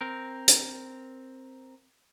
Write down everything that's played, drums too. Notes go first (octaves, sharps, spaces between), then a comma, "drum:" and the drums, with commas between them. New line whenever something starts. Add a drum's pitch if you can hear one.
C4 A#4
drum: hi-hat